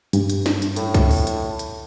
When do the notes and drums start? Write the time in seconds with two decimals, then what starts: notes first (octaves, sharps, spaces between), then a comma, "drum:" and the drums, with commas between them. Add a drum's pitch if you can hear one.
0.13 G2, drum: hi-hat
0.30 drum: hi-hat
0.46 drum: snare
0.62 drum: hi-hat
0.76 A2, drum: hi-hat
0.94 drum: kick C2, hi-hat
1.11 drum: open hi-hat
1.27 drum: hi-hat
1.59 drum: hi-hat